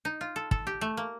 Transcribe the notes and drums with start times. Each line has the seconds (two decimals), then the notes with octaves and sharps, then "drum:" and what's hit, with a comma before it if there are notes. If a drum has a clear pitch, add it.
0.05 D#4
0.21 F4
0.36 A4
0.51 A4, drum: kick
0.67 G4
0.81 A3
0.97 A#3